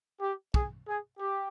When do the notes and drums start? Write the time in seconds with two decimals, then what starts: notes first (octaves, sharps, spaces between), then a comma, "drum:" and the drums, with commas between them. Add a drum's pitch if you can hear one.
0.21 G4
0.54 G#4, drum: kick
0.87 G#4
1.19 G4